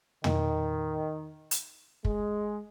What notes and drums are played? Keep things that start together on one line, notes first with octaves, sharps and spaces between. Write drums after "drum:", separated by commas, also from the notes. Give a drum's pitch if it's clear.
D#3, drum: tom
drum: hi-hat
G#3, drum: kick